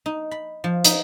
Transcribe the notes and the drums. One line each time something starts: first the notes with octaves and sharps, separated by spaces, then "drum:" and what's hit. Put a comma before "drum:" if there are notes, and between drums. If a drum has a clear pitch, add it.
D#4
B5
F3
D#4, drum: hi-hat